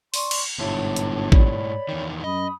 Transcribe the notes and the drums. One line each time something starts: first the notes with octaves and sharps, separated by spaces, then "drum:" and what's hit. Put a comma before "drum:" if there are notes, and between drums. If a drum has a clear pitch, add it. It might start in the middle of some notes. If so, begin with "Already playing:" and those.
D5 C6 C#6, drum: open hi-hat
drum: cymbal
G1 G#2 E4 C#5 A5 D6
drum: hi-hat
C#5 D5 B5, drum: kick A1
E2 D#3
F#2 D#5 B5 D#6